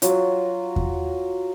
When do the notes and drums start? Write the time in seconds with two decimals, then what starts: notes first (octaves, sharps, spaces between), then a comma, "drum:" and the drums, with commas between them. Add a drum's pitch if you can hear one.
0.02 F#3 F4, drum: hi-hat
0.76 drum: kick E2